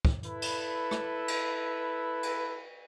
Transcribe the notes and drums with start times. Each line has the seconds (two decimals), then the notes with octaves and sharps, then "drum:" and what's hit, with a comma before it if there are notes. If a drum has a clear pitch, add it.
0.05 drum: kick
0.23 E4 A4 B4, drum: hi-hat
0.42 drum: cymbal
0.91 drum: rim click
1.28 drum: cymbal
2.23 drum: cymbal